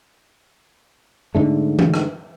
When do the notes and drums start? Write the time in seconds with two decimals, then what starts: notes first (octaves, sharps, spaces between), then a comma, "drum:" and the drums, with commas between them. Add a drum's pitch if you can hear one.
1.35 G#2 D3 A3
1.79 drum: tom E3
1.94 drum: rim click